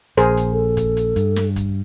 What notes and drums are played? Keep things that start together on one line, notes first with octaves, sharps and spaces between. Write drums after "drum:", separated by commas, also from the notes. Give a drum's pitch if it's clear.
A#1 G#4 A#4 C5, drum: hi-hat
drum: hi-hat
A4
drum: kick, hi-hat
drum: hi-hat
G2, drum: hi-hat
drum: snare
drum: kick, hi-hat